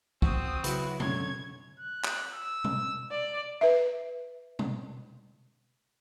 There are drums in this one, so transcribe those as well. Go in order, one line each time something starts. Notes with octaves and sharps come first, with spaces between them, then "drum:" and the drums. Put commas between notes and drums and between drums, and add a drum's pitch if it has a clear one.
B1 C4 F#4 D#6, drum: kick
C#3 F#3 E4 F#4 B4, drum: hi-hat
F#2 D3 C#5 G#6, drum: tom
F#6
drum: clap
E6
drum: tom
D5
B4 E5
drum: tom